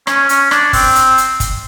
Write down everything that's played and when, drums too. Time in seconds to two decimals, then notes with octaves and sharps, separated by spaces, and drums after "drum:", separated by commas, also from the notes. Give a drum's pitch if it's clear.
0.07 C#4, drum: rim click
0.29 C#4, drum: hi-hat
0.51 D4, drum: rim click
0.73 C4, drum: kick, open hi-hat
0.95 drum: hi-hat
1.18 drum: hi-hat
1.40 drum: kick, hi-hat